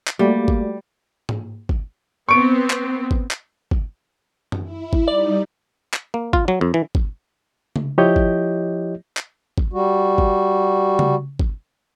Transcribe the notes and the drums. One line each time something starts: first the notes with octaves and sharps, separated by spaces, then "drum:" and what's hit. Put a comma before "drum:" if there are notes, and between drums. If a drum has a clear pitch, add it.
drum: clap
G3 A3 A#3 F#4 D5
drum: kick G1
drum: tom
drum: kick G1
B3 C4 C#6 D7
drum: clap
drum: kick G1
drum: clap
drum: kick G1
drum: tom F#2
E4
drum: kick G1
G3 D#4 D5
drum: clap
A#3
F4, drum: kick G1
F#3
F2
E3
drum: kick G1
drum: tom C#3
F3 E4 G4 C#5 D#5 G6
drum: kick G1
drum: clap
drum: kick G1
G3 F#4
drum: kick G1
drum: tom C#3
drum: kick G1